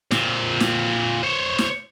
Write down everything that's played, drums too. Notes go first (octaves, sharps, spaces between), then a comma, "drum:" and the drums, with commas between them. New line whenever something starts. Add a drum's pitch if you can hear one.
A#2 C4, drum: snare
drum: snare
C5 C#5
drum: snare